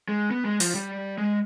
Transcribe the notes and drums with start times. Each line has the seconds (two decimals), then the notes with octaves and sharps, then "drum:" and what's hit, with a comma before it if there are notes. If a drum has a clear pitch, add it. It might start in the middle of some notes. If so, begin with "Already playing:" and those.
0.09 G#3
0.31 B3
0.45 G#3
0.60 F3, drum: open hi-hat
0.75 G3
1.18 G#3